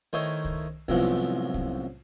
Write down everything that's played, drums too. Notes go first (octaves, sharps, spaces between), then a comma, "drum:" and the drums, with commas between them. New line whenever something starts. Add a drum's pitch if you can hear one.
D#3 A3 D#4 E4 C5 C#5
drum: kick C2
C2 F#2 A2 F3 B3, drum: kick C2
drum: kick C2